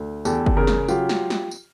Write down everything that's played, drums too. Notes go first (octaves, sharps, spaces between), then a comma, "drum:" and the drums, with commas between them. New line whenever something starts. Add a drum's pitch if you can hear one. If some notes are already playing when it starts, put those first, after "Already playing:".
Already playing: D2
E2 G4 A4, drum: tambourine
drum: kick F#1
C#3 G#4 A#4
drum: snare
F#3 F4 G4, drum: tambourine
drum: snare
drum: snare
drum: tambourine